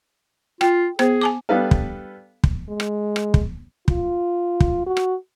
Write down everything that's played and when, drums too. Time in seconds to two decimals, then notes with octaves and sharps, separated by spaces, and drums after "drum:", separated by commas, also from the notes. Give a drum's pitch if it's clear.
0.61 F4 G5, drum: rim click
0.99 B3 G#4 C5, drum: rim click
1.21 G#5 A5 D6
1.49 G3 B3 D4 A4 B4 F5
1.71 drum: kick
2.44 drum: kick
2.69 G#3
2.80 drum: rim click
3.16 drum: rim click
3.34 drum: kick
3.88 F4, drum: kick
4.60 drum: kick
4.86 F#4
4.97 drum: rim click